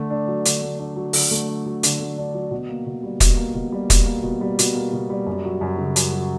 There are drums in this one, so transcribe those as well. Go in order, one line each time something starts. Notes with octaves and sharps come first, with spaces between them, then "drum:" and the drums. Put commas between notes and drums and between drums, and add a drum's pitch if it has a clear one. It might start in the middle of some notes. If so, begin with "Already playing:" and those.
Already playing: D3 A3
D4
F#3
D3, drum: hi-hat
A3
D4
F#3
D3, drum: open hi-hat
A3
D4
F#3
D3, drum: hi-hat
A3
D4
F#3
B2
A#3
B2
G3
B2, drum: kick, hi-hat
A#3
B2
G3
B2, drum: kick, hi-hat
A#3
B2
G3
B2, drum: hi-hat
A#3
B2
G3
F#2
F#3
F#2
C#3
F#2, drum: hi-hat
F#3